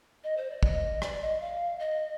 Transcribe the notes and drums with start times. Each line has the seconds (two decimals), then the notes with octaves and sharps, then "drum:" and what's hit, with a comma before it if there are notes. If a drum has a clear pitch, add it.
0.24 D#5
0.37 C5
0.50 D5
0.63 D#5, drum: kick
1.02 D5, drum: rim click
1.21 D#5
1.40 F5
1.79 D#5